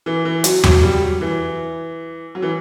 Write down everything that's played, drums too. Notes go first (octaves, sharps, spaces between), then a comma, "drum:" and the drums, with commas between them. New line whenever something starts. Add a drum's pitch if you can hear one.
E3
E3
F#3, drum: hi-hat
F#3, drum: tom E2
G3
F#3
E3
F#3
E3